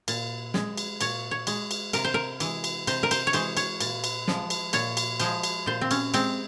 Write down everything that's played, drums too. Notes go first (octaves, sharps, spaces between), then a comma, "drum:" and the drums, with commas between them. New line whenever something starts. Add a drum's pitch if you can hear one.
A#2, drum: cymbal
G#3, drum: snare
drum: cymbal
A#2 C#5, drum: cymbal
C#5
G#3, drum: cymbal
drum: cymbal
C3 A#4, drum: cymbal
C5
A#4
E3 G#3, drum: cymbal
drum: cymbal
C3 C5, drum: cymbal
A#4
C5, drum: cymbal
C#5
E3 G#3 C5, drum: cymbal
C#5, drum: cymbal
A#2, drum: cymbal
drum: cymbal
F3 G#3, drum: snare
drum: cymbal
A#2 C#5, drum: cymbal
drum: cymbal
F3 G#3 C5, drum: cymbal
drum: cymbal
A#2 C5
C4
C#4, drum: cymbal
G#3 C4, drum: cymbal